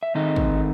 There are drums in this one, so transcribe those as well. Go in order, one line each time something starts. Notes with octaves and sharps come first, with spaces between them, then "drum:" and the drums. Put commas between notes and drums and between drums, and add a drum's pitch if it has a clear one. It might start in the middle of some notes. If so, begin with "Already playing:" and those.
E5
D#3 A3 C4 D#4 D#5
drum: kick